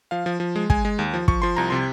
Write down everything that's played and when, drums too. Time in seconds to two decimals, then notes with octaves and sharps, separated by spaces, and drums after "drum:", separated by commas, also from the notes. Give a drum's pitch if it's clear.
0.11 F3 F5
0.26 F3
0.40 F3
0.56 G#3
0.70 G#3 G#5, drum: kick
0.85 G#3
0.99 D#2
1.14 F3
1.28 F3 C#6, drum: kick
1.42 F3 C6
1.56 C2 A#5
1.70 C3 C6